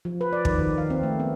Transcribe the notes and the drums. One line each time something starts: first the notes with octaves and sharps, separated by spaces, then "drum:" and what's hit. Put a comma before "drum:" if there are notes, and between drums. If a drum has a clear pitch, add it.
F3
B4
D5
D#3, drum: kick
D#3
F5
C4
A3
B3